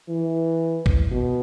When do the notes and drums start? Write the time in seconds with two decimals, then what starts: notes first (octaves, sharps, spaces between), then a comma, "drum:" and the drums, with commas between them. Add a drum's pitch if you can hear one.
0.09 E3
0.86 drum: kick
1.11 B2